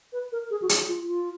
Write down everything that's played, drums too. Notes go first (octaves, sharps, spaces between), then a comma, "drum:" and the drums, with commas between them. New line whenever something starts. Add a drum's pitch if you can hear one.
B4
A#4
G#4
F#4
G#4, drum: hi-hat
F4
F4